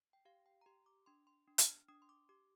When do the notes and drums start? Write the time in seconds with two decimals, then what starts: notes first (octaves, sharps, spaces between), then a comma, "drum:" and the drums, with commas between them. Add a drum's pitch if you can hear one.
0.13 G5
0.25 G4 F5
0.46 G5
0.61 A#5
0.66 G4 C6
0.86 D6
1.06 D4 C6
1.27 C6
1.47 D4
1.58 drum: hi-hat
1.68 F6
1.89 D4 D#6
2.02 C6
2.09 D6
2.29 G4 D6